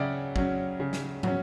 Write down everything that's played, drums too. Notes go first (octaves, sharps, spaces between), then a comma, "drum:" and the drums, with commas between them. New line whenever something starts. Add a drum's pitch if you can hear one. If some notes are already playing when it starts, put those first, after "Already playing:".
Already playing: C#3 F#3 C#4 D5 E5 F#5 G5
F#3 C#4, drum: kick
C#3
drum: snare
F#3 C#4, drum: tom